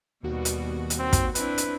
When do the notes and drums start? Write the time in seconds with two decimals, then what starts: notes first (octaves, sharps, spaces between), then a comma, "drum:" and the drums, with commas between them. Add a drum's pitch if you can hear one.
0.23 D#2 B2 G3 B3 F#4
0.45 drum: hi-hat
0.90 drum: hi-hat
0.99 C4
1.13 drum: kick, hi-hat
1.35 C4 D4 E4 B4, drum: hi-hat
1.58 drum: hi-hat